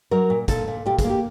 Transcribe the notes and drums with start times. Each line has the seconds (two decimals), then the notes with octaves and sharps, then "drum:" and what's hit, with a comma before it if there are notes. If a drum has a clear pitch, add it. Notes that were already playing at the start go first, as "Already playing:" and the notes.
0.11 F#3 A#4
0.30 A#2
0.48 A#2 A4, drum: kick, hi-hat
0.68 A#2
0.86 A#2 G4
0.99 G#4, drum: kick, hi-hat
1.04 A#3
1.10 G4